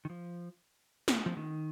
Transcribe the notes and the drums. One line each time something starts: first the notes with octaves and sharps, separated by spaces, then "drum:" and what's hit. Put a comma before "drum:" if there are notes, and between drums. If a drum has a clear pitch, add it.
D#3
F3
drum: snare
F3
D#3